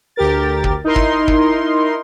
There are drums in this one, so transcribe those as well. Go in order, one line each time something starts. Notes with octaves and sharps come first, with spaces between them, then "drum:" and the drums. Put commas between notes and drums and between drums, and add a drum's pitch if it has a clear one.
D2 G4 A#4 A6
drum: kick
D#4 E4 A#4 C6
drum: kick
drum: kick